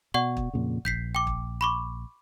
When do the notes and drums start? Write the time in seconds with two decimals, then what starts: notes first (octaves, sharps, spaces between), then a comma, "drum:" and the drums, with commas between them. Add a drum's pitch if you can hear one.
0.14 B2 D5 F#5 C#6
0.37 drum: kick
0.54 F2 A#2 C#3
0.85 A#1 G6 B6 C7, drum: kick
1.15 G5 D6
1.27 drum: kick
1.61 B5 C#6 D6